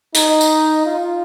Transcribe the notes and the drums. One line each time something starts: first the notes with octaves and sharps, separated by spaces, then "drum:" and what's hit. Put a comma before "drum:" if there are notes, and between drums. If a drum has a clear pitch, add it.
D#4, drum: hi-hat
drum: tambourine
F4